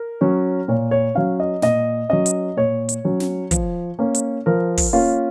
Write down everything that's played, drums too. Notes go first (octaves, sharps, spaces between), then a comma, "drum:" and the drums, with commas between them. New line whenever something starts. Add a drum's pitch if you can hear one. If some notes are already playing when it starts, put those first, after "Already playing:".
Already playing: A#4
F#3 C#4
A#2 C#5
C#5
F#3 C#4 F5
D#5
A#2 D#5, drum: snare
F#3 C#4 D#5
drum: hi-hat
A#2 C#5
drum: hi-hat
F#3 C#4
drum: snare
F3, drum: kick, hi-hat
A#3 C#4
drum: hi-hat
F3 A#4
drum: kick, open hi-hat
A#3 C#4 F4